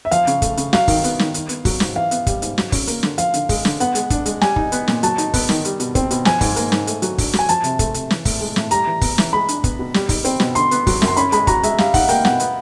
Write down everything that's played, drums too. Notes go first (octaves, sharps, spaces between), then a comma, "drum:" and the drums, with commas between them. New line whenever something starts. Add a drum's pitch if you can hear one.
E5
F3 F5, drum: hi-hat
C#3, drum: hi-hat
A3, drum: kick, hi-hat
C#3, drum: hi-hat
F#3 F5, drum: snare
D#3, drum: kick, open hi-hat
B3, drum: hi-hat
D#3, drum: snare
D#3, drum: hi-hat
B3, drum: hi-hat
F#3, drum: kick, open hi-hat
G#2, drum: snare
E3 F5
B3, drum: hi-hat
G3, drum: kick, hi-hat
G#2, drum: hi-hat
F#3, drum: snare
C#4, drum: kick, open hi-hat
A#3, drum: hi-hat
D3, drum: snare
F3 F5, drum: hi-hat
D3, drum: hi-hat
G#3, drum: kick, open hi-hat
D3, drum: snare
B3 F#5, drum: hi-hat
G#3, drum: hi-hat
D4, drum: kick, hi-hat
G#3, drum: hi-hat
G3 G#5, drum: snare
D#4, drum: kick
B3, drum: hi-hat
A#2, drum: snare
F#3 A5, drum: hi-hat
D#4, drum: hi-hat
B3, drum: kick, open hi-hat
D#3, drum: snare
G3, drum: hi-hat
B2, drum: hi-hat
C4, drum: kick, hi-hat
B2, drum: hi-hat
F3 G#5, drum: snare
G#2, drum: kick, open hi-hat
A#3, drum: hi-hat
G#2, drum: snare
A3, drum: hi-hat
F#3, drum: hi-hat
D4, drum: kick, open hi-hat
F#3, drum: snare
G#5
F3 A5, drum: hi-hat
C3, drum: hi-hat
A3, drum: kick, hi-hat
C3, drum: hi-hat
E3, drum: snare
A2, drum: kick, open hi-hat
G#3
A2, drum: snare
G3 A#5, drum: hi-hat
E3
B3, drum: kick, open hi-hat
E3, drum: snare
G#3 B5
D4, drum: hi-hat
B3, drum: kick, hi-hat
B2
G3, drum: snare
D#4, drum: kick, open hi-hat
C4, drum: hi-hat
B2, drum: snare
D3 C6, drum: hi-hat
B3, drum: hi-hat
F#3, drum: kick, open hi-hat
F#2, drum: snare
C6
C#4 B5, drum: hi-hat
G#3 B5, drum: hi-hat
F#4 A#5, drum: kick, hi-hat
G#3 E5, drum: hi-hat
G3 F5, drum: snare
D#4 F#5, drum: kick, open hi-hat
A#3 G5, drum: hi-hat
B2 F#5, drum: snare
B3, drum: hi-hat